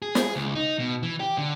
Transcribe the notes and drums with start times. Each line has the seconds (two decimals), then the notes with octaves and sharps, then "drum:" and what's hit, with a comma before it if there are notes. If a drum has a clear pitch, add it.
0.02 G#4
0.15 drum: snare
0.36 C#2
0.55 D#4
0.79 B2
1.03 E3
1.20 G4
1.38 D3